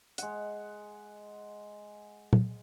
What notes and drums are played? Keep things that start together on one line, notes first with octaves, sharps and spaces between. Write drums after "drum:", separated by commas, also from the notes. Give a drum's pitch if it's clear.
G#3 F#5, drum: hi-hat
drum: tom